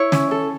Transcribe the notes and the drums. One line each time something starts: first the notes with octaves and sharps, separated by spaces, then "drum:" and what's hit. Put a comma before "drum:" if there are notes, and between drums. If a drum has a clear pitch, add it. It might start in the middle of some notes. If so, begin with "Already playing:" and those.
Already playing: E4 C#5
C#4, drum: snare
A4